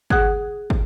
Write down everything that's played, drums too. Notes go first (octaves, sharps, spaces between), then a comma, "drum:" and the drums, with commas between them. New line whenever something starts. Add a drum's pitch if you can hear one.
G#4 F#5 D#6 F#6 G#6, drum: kick
drum: kick